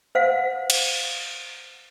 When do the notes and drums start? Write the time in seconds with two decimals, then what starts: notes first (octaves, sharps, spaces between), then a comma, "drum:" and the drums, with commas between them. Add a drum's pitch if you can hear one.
0.15 C5 F5 F#5
0.70 drum: cymbal